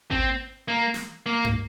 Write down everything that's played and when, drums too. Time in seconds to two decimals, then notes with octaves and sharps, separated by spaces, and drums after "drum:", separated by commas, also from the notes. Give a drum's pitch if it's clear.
0.11 C4, drum: kick G#1
0.68 A#3
0.94 drum: snare
1.26 A#3
1.45 drum: tom G2